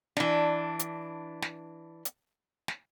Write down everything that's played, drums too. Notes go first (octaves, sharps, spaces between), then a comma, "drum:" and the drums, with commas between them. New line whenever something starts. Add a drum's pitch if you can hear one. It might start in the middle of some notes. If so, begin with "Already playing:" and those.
E3 D4, drum: snare
drum: hi-hat
drum: snare
drum: hi-hat
drum: snare